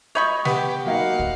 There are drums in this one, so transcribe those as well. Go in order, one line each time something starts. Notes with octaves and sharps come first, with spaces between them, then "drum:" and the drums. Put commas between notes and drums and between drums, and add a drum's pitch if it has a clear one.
C#5 D#5 B5 C#6 D#6 G6
B3 G4 G5, drum: snare
F#3 A#3 D#4 F5 F#5
drum: kick